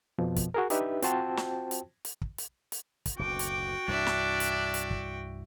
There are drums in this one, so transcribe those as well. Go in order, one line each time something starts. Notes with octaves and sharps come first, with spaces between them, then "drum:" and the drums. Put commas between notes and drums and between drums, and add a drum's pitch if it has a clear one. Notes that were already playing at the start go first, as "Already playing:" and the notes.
F2 B2 F3
drum: kick, hi-hat
F#4 G#4 A#4
D4 D#4 G4 B4 E5, drum: hi-hat
C4 F4 F#4 C5 G5 A5, drum: hi-hat
drum: snare
drum: hi-hat
drum: hi-hat
drum: kick
drum: hi-hat
drum: hi-hat
drum: kick, hi-hat
F#1 D2 B2 F#4 G5 D6
drum: hi-hat
C2 G2 E3 D4 D5 E5
drum: snare
drum: hi-hat
drum: hi-hat
drum: kick